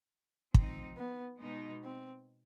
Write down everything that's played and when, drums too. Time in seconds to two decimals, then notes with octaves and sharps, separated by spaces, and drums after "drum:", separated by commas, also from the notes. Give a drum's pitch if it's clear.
0.54 F3 C4 D#4, drum: kick
0.97 B3
1.41 B2 G#3 B3 D#4
1.83 C4